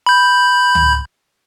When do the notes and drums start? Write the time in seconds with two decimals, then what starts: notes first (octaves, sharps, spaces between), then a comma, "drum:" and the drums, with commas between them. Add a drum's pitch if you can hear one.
0.06 B5 G6
0.75 drum: tom C#2